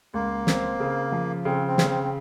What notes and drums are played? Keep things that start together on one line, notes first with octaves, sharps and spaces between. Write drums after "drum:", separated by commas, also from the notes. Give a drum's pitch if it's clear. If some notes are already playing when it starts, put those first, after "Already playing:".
C#2 A#3
C4, drum: snare
C#3
F3
C#3 C4
C4
C#3, drum: snare
C4
C4